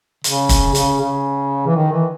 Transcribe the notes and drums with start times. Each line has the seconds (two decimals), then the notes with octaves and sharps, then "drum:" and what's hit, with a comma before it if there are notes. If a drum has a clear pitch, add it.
0.24 C#3, drum: hi-hat
0.49 drum: kick, hi-hat
0.75 C#3, drum: hi-hat
1.00 C#3
1.67 E3
1.76 D#3
1.93 E3